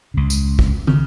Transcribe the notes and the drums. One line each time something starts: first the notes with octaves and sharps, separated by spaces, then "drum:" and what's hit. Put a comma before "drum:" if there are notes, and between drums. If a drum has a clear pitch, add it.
C#2 C#3
drum: tambourine
drum: kick
C#3, drum: tom